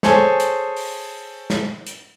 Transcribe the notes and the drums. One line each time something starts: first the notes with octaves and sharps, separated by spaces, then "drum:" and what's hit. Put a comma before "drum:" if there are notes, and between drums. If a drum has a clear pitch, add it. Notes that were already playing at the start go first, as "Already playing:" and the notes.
G#4 A4 C5 C#5 G#5, drum: snare
drum: hi-hat
drum: open hi-hat
drum: snare
drum: hi-hat